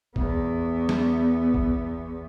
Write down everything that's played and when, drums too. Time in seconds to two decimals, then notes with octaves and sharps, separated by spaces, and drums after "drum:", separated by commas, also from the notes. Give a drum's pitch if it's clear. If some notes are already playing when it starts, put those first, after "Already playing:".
0.16 E2 B3, drum: kick
0.89 drum: snare F#3
1.54 drum: kick